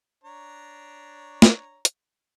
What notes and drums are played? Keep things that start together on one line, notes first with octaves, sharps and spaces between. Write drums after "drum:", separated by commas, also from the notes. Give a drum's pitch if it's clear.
D4 C#5 A#5
drum: snare
drum: hi-hat